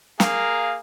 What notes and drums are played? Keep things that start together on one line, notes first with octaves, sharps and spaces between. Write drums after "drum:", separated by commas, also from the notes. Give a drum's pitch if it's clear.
A#3 G#4 A#4 F5, drum: snare